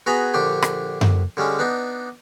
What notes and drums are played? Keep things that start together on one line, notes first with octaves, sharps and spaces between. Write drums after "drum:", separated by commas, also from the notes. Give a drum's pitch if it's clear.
B3 F#4 G#4 G#5 A#5 B5
A#1 D3 D4 G4 C6
drum: rim click
drum: tom F#2
D3 G3 G#3 C#4
B3 D4 D#4